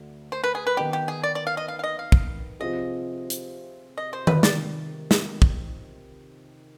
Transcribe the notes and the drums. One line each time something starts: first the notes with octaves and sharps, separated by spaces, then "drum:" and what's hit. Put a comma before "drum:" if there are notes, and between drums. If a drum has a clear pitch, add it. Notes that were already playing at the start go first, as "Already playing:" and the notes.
Already playing: D2 D3
C5
B4
G#4
B4
D#3 B3 D#4 G4 B4
G4
G#4
D5
D5
F5
D#5
F5
F5
D#5
F5
drum: kick
C3 F3 C4 F4 G#4 D#5
drum: hi-hat
D#5
C5
B4, drum: tom D#3
C3 D#3 D5, drum: snare
drum: snare
drum: kick